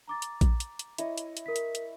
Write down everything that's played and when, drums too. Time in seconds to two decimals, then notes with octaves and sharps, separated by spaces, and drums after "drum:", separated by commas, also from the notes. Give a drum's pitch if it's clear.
0.08 A#5 D6 A6
0.22 drum: hi-hat
0.41 drum: kick A#1, hi-hat
0.60 drum: hi-hat
0.79 drum: hi-hat
0.98 E4 C#5 D#5, drum: hi-hat
1.18 drum: hi-hat
1.37 drum: hi-hat
1.46 A#4 B6
1.56 drum: hi-hat
1.75 drum: hi-hat